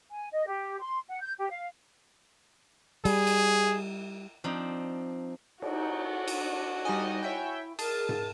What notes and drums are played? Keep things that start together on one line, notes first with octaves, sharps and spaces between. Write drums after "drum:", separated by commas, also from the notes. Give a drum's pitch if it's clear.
G#5
D#5
G4
C6
F#5
G6
G4
F5
G3 G#4, drum: cymbal
drum: cymbal
F3 C4 D4 D#4
D#4 F#4, drum: cymbal
D4, drum: cymbal
G3 D#4 D#5 G#5
E4 C#5 E5 G5
G#4 A#4 A5, drum: cymbal
drum: tom G#2